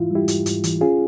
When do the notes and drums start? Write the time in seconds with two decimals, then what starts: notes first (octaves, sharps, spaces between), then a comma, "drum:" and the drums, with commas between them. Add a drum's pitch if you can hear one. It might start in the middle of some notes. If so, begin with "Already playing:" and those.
Already playing: G#2 E3 E4 F4
0.11 G3 E4 G4
0.28 G#2, drum: hi-hat
0.46 G#2, drum: hi-hat
0.64 E3, drum: hi-hat
0.81 C#4 F4 G#4